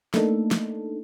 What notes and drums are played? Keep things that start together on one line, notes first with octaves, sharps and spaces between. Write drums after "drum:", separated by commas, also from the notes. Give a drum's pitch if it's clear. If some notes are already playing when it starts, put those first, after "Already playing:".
A3 A#3 D4 D#4 A4, drum: snare
drum: snare